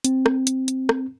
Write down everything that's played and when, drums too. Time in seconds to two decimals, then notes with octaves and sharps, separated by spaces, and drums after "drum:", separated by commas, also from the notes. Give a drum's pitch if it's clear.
0.04 C4, drum: hi-hat
0.26 drum: rim click
0.47 drum: hi-hat
0.68 drum: hi-hat
0.89 drum: rim click